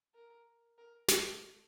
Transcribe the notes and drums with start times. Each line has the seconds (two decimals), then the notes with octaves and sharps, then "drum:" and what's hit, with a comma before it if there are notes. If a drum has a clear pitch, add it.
0.15 A#4
0.78 A#4
1.08 A4, drum: snare